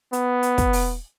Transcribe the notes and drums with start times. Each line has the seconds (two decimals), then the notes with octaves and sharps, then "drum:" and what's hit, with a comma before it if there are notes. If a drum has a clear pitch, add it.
0.13 B3, drum: hi-hat
0.43 drum: hi-hat
0.58 drum: kick, hi-hat
0.73 drum: open hi-hat